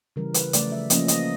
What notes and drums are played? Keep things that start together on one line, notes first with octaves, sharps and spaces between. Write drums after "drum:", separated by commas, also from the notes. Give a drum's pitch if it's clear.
C#3 E3 G3 A#4
B4, drum: hi-hat
C#3 F3 A3 D5, drum: hi-hat
E5
F3 A#3 C#4 D#5, drum: hi-hat
D#5, drum: hi-hat